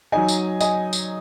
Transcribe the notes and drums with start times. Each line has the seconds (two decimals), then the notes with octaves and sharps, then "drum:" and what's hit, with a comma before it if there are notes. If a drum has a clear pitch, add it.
0.12 F#3 D#4 D#5 G#5
0.28 drum: tambourine
0.61 D#5 G#5, drum: tambourine
0.93 drum: tambourine